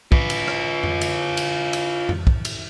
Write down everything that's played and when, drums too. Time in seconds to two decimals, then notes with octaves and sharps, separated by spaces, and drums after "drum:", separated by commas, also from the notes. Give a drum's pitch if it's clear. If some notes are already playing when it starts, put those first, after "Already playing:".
0.12 F4 B4, drum: kick
0.30 drum: cymbal
0.48 drum: rim click
0.83 drum: tom F2
1.01 drum: cymbal
1.37 drum: cymbal
1.73 drum: cymbal
2.09 drum: tom F2
2.27 drum: kick
2.45 drum: cymbal